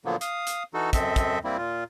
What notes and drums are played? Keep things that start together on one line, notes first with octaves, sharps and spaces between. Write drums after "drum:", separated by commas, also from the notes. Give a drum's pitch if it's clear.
A#2 D3 F3 F#3 A#3 B3
F5 D#6, drum: hi-hat
drum: hi-hat
E3 D#4 F#4 A4
F#2 C4 A4 D#5 E5, drum: kick, hi-hat
drum: kick, hi-hat
G3 A#3 C4 E4
A#2 F4